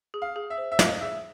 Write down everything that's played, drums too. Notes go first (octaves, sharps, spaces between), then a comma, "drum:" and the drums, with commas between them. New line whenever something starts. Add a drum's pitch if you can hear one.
G#4
F5
G#4
E5
C5
E5
D#5 F5, drum: snare
G#4 E5